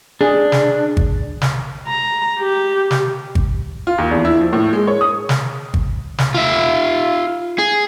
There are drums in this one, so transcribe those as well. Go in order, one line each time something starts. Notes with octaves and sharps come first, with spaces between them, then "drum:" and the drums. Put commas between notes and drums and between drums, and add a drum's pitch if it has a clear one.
D4 G#4
drum: snare
drum: kick G#1
drum: snare
A#5
G4
drum: snare
drum: kick G#1
F4
D#2
E2
E4
F3
A2
G#3
C#5
D#6
drum: snare
drum: kick G#1
drum: snare
F4 E5
G#4